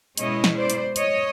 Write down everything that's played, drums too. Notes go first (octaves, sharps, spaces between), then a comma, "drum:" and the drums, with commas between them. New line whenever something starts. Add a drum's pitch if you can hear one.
B2 G#3 C#4 E4 C#5 D#5, drum: hi-hat
drum: snare
C5 D5
drum: hi-hat
C#5 D#5, drum: hi-hat